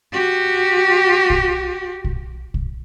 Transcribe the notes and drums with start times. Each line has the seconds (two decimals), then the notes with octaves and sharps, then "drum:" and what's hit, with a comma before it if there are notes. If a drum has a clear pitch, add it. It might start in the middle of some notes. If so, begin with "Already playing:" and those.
0.13 F#4 G4
1.30 drum: kick
2.04 drum: kick
2.54 drum: kick